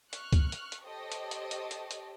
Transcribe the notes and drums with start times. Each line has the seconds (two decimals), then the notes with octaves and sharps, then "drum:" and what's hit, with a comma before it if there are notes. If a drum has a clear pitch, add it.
0.13 C#6 F6 F#6, drum: hi-hat
0.33 drum: kick C#2, hi-hat
0.52 drum: hi-hat
0.72 drum: hi-hat
0.85 G4 A4 C5 C#5 D#5
1.12 drum: hi-hat
1.31 drum: hi-hat
1.51 drum: hi-hat
1.71 drum: hi-hat
1.91 drum: hi-hat